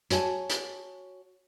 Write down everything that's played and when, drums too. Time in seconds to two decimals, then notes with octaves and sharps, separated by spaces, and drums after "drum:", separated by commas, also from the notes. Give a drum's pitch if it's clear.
0.10 F#4 C#5 G#5 A5, drum: hi-hat
0.50 drum: hi-hat